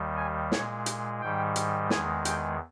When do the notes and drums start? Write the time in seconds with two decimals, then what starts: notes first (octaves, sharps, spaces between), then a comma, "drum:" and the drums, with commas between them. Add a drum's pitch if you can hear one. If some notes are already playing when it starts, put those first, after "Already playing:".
Already playing: D#2 D#3 G3
0.17 G#5
0.52 A#2 G#3 C#5, drum: snare
0.86 drum: hi-hat
1.21 G#2 D#3 G3 G5
1.56 drum: hi-hat
1.90 E2 D#3 G#3 G#5, drum: snare
2.25 G5, drum: hi-hat